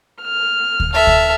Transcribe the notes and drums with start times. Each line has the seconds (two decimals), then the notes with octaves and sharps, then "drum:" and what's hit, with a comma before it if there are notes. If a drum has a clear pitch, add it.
0.22 F6
0.80 drum: kick D2
0.93 A4 E5 F6
1.07 drum: kick D2